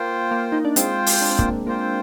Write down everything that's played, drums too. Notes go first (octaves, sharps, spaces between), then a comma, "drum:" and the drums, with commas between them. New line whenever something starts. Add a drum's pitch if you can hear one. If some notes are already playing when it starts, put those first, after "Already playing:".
Already playing: A#3 F4 C5 G5
A#3
D#4
D4
G#3 C4 F4 C5 G5, drum: hi-hat
drum: open hi-hat
D4
C4
A#3 D4, drum: kick
A#3 F4 C5 G5
C4